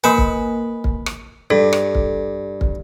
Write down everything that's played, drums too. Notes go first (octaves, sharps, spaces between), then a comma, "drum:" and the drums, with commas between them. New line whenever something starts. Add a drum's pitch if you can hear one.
A#3 A#4 B4 G#5
drum: kick
drum: kick
drum: rim click
G2 A4
drum: rim click
drum: kick
drum: kick